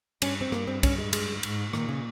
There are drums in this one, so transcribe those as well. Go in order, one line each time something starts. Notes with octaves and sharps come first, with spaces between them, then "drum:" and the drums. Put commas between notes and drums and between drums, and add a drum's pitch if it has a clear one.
G2 C#4, drum: cymbal
C4
G2 A#3, drum: rim click
C4
C#4, drum: kick, cymbal
G#3
G#3, drum: cymbal
G#2, drum: cymbal
A#2 D#3, drum: rim click
C#3